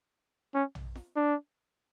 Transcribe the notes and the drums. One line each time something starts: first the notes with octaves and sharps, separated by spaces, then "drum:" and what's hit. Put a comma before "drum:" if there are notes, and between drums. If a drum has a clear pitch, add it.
C#4
drum: tom
drum: snare F4
D4